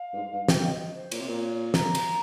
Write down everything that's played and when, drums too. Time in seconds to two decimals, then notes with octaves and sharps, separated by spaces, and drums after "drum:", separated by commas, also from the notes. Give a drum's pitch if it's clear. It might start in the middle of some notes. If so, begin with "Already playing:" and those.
Already playing: F5
0.13 G2
0.16 G#2
0.33 G2
0.48 G5, drum: snare
0.64 D#5
0.96 C5
1.12 A#2 C#5, drum: cymbal
1.20 C3
1.28 A#2
1.74 A#5, drum: snare
1.95 drum: cymbal